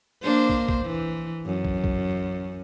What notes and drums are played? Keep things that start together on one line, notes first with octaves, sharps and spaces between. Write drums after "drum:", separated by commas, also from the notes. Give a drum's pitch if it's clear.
A#3 D4 C5
drum: kick
drum: kick
E3
F#2
drum: kick
drum: kick